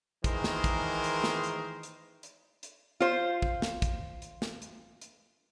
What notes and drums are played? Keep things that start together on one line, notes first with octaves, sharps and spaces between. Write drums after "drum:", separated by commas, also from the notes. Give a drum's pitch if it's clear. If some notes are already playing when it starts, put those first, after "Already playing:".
D#3 E3 G#3 G#4 A#4 C5, drum: kick, hi-hat
drum: snare
drum: kick, hi-hat
drum: hi-hat
drum: snare
drum: hi-hat
drum: hi-hat
drum: hi-hat
drum: hi-hat
F4 C5
drum: kick
drum: snare
drum: kick, hi-hat
drum: hi-hat
drum: snare
drum: hi-hat
drum: hi-hat